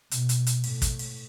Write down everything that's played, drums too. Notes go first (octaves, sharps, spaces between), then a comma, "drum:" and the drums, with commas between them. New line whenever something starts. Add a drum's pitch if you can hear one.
B2, drum: hi-hat
drum: hi-hat
drum: hi-hat
A2, drum: open hi-hat
drum: kick, hi-hat
drum: open hi-hat